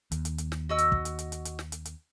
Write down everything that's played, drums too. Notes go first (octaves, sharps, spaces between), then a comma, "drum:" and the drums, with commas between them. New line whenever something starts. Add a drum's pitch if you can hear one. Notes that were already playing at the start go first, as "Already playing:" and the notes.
D#2, drum: hi-hat
drum: hi-hat
drum: hi-hat
drum: snare
F#4 D#5 E6
drum: hi-hat
drum: kick
drum: hi-hat
drum: hi-hat
drum: hi-hat
drum: hi-hat
drum: snare
drum: hi-hat
drum: hi-hat